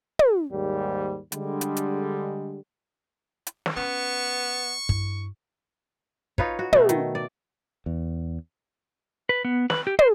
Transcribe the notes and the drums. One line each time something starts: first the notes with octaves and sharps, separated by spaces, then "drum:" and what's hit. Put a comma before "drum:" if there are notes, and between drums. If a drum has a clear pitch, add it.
drum: tom
D#2 G#2 G3
D3 G3 G#3, drum: hi-hat
drum: hi-hat
drum: hi-hat
drum: hi-hat
drum: snare
B3 C#4 C#6
G2 E4, drum: kick
D#4 F4 B4 C#5, drum: kick
F#4
B2 A3, drum: tom
D#3, drum: hi-hat
D5
E2
B4
B3
B4, drum: snare
G4
C5, drum: tom